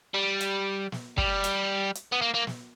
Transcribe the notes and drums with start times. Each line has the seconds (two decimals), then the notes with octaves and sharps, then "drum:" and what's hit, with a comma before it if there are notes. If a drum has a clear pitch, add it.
0.14 G3
0.41 drum: hi-hat
0.92 drum: snare
1.18 G3, drum: kick
1.44 drum: hi-hat
1.95 drum: hi-hat
2.12 B3
2.21 A#3
2.34 A#3
2.47 drum: snare